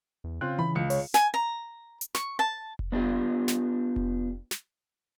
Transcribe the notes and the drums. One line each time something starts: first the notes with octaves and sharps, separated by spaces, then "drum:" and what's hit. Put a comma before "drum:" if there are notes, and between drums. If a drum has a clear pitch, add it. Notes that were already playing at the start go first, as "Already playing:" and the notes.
E2
C#3 C4 F4 F#6
E3 B5
C#2 C#7
C#5, drum: open hi-hat
G#5, drum: snare
A#5
drum: hi-hat
C#6, drum: snare
A5
drum: kick F1
B3 D4 F4 G4
drum: snare
drum: kick F1
drum: snare